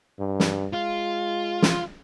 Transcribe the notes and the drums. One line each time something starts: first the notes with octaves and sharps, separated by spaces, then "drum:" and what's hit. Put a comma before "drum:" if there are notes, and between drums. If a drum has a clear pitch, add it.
G2
drum: snare
G#3 F4
drum: snare